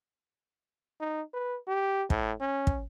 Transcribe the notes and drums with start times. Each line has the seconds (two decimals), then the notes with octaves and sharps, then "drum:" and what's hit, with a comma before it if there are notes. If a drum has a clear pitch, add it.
1.00 D#4
1.34 B4
1.68 G4
2.10 A2, drum: kick
2.41 C#4
2.67 drum: kick